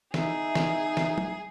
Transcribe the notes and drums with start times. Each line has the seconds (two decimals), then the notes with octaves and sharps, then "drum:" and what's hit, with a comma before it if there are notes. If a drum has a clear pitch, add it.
0.14 D#4 G#4 E5, drum: snare
0.55 drum: snare
0.97 drum: snare
1.18 drum: tom